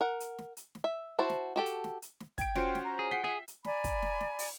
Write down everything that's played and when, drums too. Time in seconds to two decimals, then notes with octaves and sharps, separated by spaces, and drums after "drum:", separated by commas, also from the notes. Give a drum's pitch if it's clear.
0.01 A#4 F#5
0.20 drum: hi-hat
0.38 drum: snare
0.57 drum: hi-hat
0.75 drum: snare
0.84 E5
1.19 E4 F#4 C5 A5
1.29 drum: snare
1.56 F#4 G4 A4
1.66 drum: hi-hat
1.84 drum: snare
2.02 drum: hi-hat
2.20 drum: snare
2.38 G5 G#6 D7, drum: kick, hi-hat
2.55 C#4 F4 F#4 C5 D6, drum: snare
2.75 drum: snare
2.84 A#5
2.99 G#4
3.11 F#5 G5 B6 C7
3.24 G#4 E5
3.48 drum: hi-hat
3.64 D5 G#5 A#5 B5, drum: snare
3.84 drum: kick, hi-hat
4.02 drum: snare
4.20 drum: snare
4.39 drum: open hi-hat